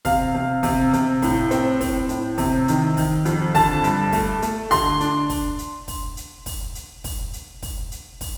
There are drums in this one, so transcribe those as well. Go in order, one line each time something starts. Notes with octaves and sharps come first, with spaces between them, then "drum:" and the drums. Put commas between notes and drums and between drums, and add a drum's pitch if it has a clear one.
C3 F5, drum: kick, open hi-hat
C3
C3, drum: kick, open hi-hat
C3, drum: hi-hat
A2, drum: kick, open hi-hat
C4, drum: hi-hat
C4, drum: kick, open hi-hat
A2, drum: hi-hat
C3, drum: kick, open hi-hat
D#3, drum: hi-hat
D#3, drum: kick, open hi-hat
F2, drum: hi-hat
D3 A5, drum: kick, open hi-hat
G2, drum: hi-hat
A3, drum: kick, open hi-hat
A3, drum: hi-hat
D3 C6, drum: kick, open hi-hat
D4, drum: hi-hat
drum: kick, open hi-hat
drum: hi-hat
drum: kick, open hi-hat
drum: hi-hat
drum: kick, open hi-hat
drum: hi-hat
drum: kick, open hi-hat
drum: hi-hat
drum: kick, open hi-hat
drum: hi-hat
drum: kick, open hi-hat